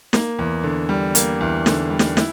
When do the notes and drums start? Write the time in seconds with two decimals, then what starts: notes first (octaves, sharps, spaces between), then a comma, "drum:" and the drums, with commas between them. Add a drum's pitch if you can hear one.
0.13 A#3, drum: snare
0.39 E2
0.64 D3
0.89 G3
1.15 A#3, drum: hi-hat
1.40 E2
1.66 D3, drum: snare
1.90 G3
1.99 drum: snare
2.17 E4, drum: snare